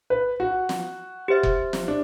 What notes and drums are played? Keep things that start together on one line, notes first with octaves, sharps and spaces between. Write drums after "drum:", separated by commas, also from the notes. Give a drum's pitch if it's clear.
B4
F#4
drum: snare
G4 C5 E5
drum: kick F1
drum: snare
D4